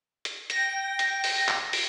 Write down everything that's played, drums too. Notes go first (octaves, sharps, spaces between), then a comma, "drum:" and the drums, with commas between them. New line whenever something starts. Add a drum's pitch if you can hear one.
drum: hi-hat
G5 A#6, drum: hi-hat
drum: hi-hat
drum: open hi-hat
drum: clap
drum: open hi-hat